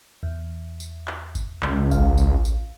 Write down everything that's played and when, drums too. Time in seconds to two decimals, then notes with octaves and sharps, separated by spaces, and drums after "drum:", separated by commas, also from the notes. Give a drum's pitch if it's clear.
0.23 E2
0.80 drum: tambourine
1.08 drum: clap
1.35 drum: kick F#1, tambourine
1.63 C#2, drum: clap
1.91 A1 F5, drum: kick F#1, tambourine
2.18 drum: tambourine
2.45 drum: tambourine